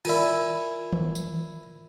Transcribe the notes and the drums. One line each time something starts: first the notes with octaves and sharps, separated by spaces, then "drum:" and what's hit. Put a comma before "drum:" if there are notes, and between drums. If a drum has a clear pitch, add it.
E4 F4 A#4 D5 G#5, drum: cymbal
drum: tom D#3
drum: tambourine